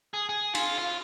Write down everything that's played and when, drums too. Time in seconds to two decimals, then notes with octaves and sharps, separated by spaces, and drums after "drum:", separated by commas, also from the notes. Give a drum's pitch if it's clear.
0.14 G#4
0.29 G#4
0.55 F4, drum: cymbal
0.78 F4